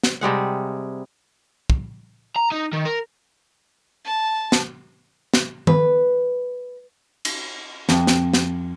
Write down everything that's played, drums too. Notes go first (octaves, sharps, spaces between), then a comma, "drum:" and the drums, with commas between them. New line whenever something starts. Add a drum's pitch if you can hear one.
drum: snare
C3 G3 G#3 F#5
drum: kick
A#5
D#4
D#3
A#4
A5
drum: snare
drum: snare
B4, drum: tom D#3
drum: cymbal
F2, drum: snare
drum: snare
drum: snare